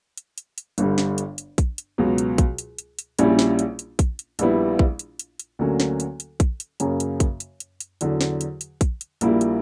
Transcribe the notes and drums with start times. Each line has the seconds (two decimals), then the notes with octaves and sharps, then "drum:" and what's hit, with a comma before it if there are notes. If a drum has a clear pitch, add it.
0.17 drum: hi-hat
0.38 drum: hi-hat
0.58 drum: hi-hat
0.78 G1 G2 D3 G3, drum: hi-hat
0.98 drum: snare
1.18 drum: hi-hat
1.38 drum: hi-hat
1.58 drum: kick A#1, hi-hat
1.78 drum: hi-hat
1.98 C#2 B2 F#3
2.18 drum: hi-hat
2.38 drum: kick A#1, hi-hat
2.58 drum: hi-hat
2.79 drum: hi-hat
2.99 drum: hi-hat
3.19 A#1 A#2 G3 C#4 E4, drum: hi-hat
3.39 drum: snare
3.59 drum: hi-hat
3.79 drum: hi-hat
3.99 drum: kick A#1, hi-hat
4.19 drum: hi-hat
4.39 A#1 A#2 G3 B3 E4, drum: hi-hat
4.79 drum: kick A#1
4.99 drum: hi-hat
5.19 drum: hi-hat
5.40 drum: hi-hat
5.59 D2 D3 F#3 A#3 C#4
5.80 drum: snare
6.00 drum: hi-hat
6.20 drum: hi-hat
6.40 drum: kick A#1, hi-hat
6.60 drum: hi-hat
6.80 F#2 C#3 F#3 A#3 C#4, drum: hi-hat
7.00 drum: hi-hat
7.20 drum: kick A#1, hi-hat
7.40 drum: hi-hat
7.60 drum: hi-hat
7.80 drum: hi-hat
8.01 E2 D3 F#3, drum: hi-hat
8.21 drum: snare
8.41 drum: hi-hat
8.61 drum: hi-hat
8.81 drum: kick A#1, hi-hat
9.01 drum: hi-hat
9.21 A#1 A#2 G3 A#3 E4, drum: hi-hat
9.41 drum: hi-hat